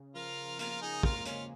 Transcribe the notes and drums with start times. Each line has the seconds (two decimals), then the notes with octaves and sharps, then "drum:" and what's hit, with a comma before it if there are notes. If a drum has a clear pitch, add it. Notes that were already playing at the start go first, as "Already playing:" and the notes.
Already playing: C#3
0.15 F3 F4 A#4
0.59 A#3 F4 A#4, drum: hi-hat
0.81 D#4 G#4
1.03 G#3 F4 A#4, drum: kick
1.25 C#4 F4, drum: hi-hat